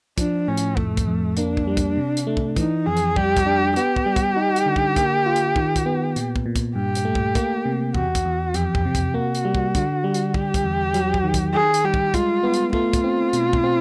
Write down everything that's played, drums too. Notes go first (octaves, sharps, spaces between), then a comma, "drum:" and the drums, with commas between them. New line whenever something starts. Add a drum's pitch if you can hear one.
F3 D4, drum: kick, hi-hat
A2 C#4
drum: hi-hat
F2 A3, drum: kick
drum: kick, hi-hat
F2
A#3 D4, drum: hi-hat
drum: kick
G3
drum: kick, hi-hat
C3
drum: hi-hat
A3
drum: kick
E3 D#4, drum: kick, hi-hat
F2 G#4
drum: hi-hat
G3 G4, drum: kick
drum: kick, hi-hat
D4
B3 G4, drum: hi-hat
drum: kick
G3
drum: kick, hi-hat
D#4
drum: hi-hat
D3
drum: kick
A#3, drum: kick, hi-hat
F4
drum: hi-hat
D#3, drum: kick
drum: kick, hi-hat
B3
A#2, drum: hi-hat
drum: kick
A#2
drum: kick, hi-hat
G2 G4
drum: hi-hat
A3
drum: kick
A#3, drum: kick, hi-hat
C3
E2 F#4, drum: kick
drum: kick, hi-hat
E2
F2 G4, drum: hi-hat
drum: kick
C3
drum: kick, hi-hat
A#3 F#4
drum: hi-hat
G3
drum: kick
D3, drum: kick, hi-hat
G3
drum: hi-hat
G3 G4, drum: kick
drum: kick, hi-hat
E2
F#3, drum: hi-hat
drum: kick
D#3
drum: kick, hi-hat
D#3 G#4
drum: hi-hat
G3 G4
drum: kick
G#3 F4, drum: kick, hi-hat
B3
drum: hi-hat
A3 F4, drum: kick
drum: kick, hi-hat
C4
B2, drum: hi-hat
drum: kick
C4